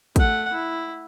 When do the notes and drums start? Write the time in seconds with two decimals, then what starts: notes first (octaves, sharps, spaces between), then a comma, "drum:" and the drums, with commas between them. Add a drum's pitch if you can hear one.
0.16 A3 F#5, drum: kick, hi-hat
0.53 E4